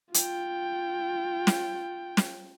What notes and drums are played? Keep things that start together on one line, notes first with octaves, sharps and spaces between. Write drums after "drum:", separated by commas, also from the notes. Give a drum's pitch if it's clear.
F4 G5, drum: hi-hat
drum: snare
drum: snare